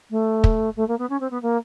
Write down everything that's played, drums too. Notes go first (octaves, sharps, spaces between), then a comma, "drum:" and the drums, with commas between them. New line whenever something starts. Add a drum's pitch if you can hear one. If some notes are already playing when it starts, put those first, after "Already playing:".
A3
drum: kick
A3
A#3
B3
C#4
C4
B3
A#3